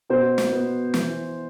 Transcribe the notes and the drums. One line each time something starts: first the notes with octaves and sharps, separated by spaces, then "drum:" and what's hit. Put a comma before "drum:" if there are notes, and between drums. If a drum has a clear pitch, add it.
B2 C5
drum: snare
B3
E3, drum: snare